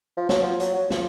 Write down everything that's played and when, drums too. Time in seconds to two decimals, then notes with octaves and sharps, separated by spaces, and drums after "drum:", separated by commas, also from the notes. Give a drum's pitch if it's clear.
0.17 F3
0.29 F#3, drum: snare
0.43 F3
0.60 F#3, drum: hi-hat
0.74 F#3
0.90 F3, drum: snare